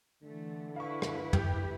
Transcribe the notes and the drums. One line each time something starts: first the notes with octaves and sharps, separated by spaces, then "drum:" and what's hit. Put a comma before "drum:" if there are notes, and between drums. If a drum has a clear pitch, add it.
D3 E3 A3
E4 B4 F5 C#6
drum: rim click
G4, drum: tom